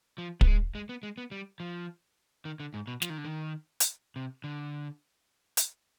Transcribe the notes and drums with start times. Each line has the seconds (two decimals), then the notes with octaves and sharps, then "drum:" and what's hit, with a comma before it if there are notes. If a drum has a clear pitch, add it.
0.18 F3
0.41 B3, drum: kick
0.47 G#3
0.75 G#3
0.89 B3
1.03 G#3
1.18 B3
1.31 G3
1.60 F3
2.45 D#3
2.60 D3
2.74 G#2
2.87 B2
3.02 F3, drum: snare
3.10 D#3
3.18 D3
3.25 D#3
3.80 drum: hi-hat
4.16 C3
4.44 D3
5.57 drum: hi-hat